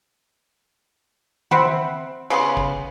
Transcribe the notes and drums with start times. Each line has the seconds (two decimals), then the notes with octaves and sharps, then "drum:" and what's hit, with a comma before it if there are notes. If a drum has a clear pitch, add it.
1.51 C4 E5 F#5 B5, drum: tom D#3
2.30 C#3 B3 C6, drum: cymbal
2.57 drum: kick